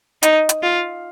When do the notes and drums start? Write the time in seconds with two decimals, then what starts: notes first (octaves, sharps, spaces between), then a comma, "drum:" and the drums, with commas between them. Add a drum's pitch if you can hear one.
0.23 D#4, drum: hi-hat
0.49 drum: hi-hat
0.63 F4